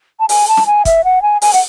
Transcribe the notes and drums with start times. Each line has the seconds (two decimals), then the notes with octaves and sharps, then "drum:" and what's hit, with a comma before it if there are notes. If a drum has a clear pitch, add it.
0.20 A5
0.29 G#5, drum: open hi-hat
0.48 A5
0.57 drum: snare
0.66 G#5
0.85 E5, drum: kick, hi-hat
1.04 F#5
1.22 G#5
1.42 G#5, drum: open hi-hat
1.53 F#5, drum: hi-hat